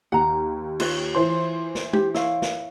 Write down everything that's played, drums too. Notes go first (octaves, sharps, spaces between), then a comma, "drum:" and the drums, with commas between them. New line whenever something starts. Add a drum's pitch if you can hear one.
D#2 F#5 A#5
F4 B4 C#5, drum: cymbal
E3 C5 C6
drum: snare
G4, drum: tom G#3
E4 C#5 F5, drum: snare
drum: snare